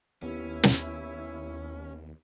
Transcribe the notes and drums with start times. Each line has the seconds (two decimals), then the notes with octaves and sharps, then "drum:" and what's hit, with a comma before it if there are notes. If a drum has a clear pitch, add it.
0.23 D#2 B3 C#4 E4 G4
0.63 drum: snare